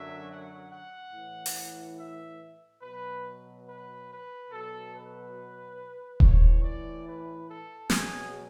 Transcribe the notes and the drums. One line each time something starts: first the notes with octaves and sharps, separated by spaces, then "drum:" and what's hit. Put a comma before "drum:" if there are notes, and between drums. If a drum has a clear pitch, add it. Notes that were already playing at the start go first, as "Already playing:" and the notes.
Already playing: F#2 D3 F#3 E5
F#5
F#5
A2 E3
drum: open hi-hat
E5
B2 F#3 B4
B4
B4
B2 F#3 A4
B4
A2 E3 C#5, drum: kick D#1
D5
B4
A4
B2 F#3 G#4, drum: snare